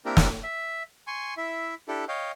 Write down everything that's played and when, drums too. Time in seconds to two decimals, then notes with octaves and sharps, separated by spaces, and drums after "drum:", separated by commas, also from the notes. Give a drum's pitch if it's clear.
0.05 A#3 C4 D4 E4 G4 A#4
0.17 drum: snare
0.43 E5
1.07 G#5 C6 C#6
1.37 E4 E5
1.88 D4 E4 G4 A4
2.08 C#5 D#5 F5 G5